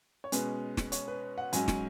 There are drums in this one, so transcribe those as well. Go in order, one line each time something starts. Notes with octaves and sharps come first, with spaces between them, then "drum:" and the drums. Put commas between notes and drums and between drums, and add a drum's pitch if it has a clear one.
C#5
B2 G#3 C#4 B4, drum: hi-hat
drum: snare
C#5, drum: hi-hat
B4
F#5
G#2 F#3 C#4 G#5, drum: hi-hat
drum: snare